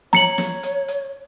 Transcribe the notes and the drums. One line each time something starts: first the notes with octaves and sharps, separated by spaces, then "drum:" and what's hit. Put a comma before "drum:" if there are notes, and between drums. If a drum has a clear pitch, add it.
C#5 A#5 C#7 F#7, drum: snare
drum: snare
drum: hi-hat
drum: hi-hat